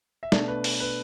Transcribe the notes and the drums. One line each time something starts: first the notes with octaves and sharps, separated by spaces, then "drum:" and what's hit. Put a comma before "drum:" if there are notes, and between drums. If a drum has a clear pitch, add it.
E5
B2 A3 D4 D5, drum: snare
B4
drum: open hi-hat
B4